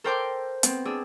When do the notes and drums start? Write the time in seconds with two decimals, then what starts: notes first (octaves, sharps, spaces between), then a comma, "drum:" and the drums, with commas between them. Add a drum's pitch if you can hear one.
0.04 A4 A#4 C5 G5 C6 D6
0.63 B3 C4, drum: hi-hat
0.85 D4 G#4 E6